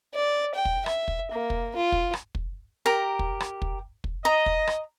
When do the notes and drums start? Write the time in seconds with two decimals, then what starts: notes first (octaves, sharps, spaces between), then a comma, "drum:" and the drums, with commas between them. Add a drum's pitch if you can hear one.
0.15 D5
0.54 G5
0.65 drum: kick
0.86 E5, drum: rim click
1.08 drum: kick
1.31 A#3
1.50 drum: kick
1.76 F4
1.92 drum: kick
2.13 drum: rim click
2.35 drum: kick
2.86 G4 A#4 A#5
3.19 drum: kick
3.40 drum: rim click
3.62 drum: kick
4.04 drum: kick
4.25 D#5 A#5
4.46 drum: kick
4.67 drum: rim click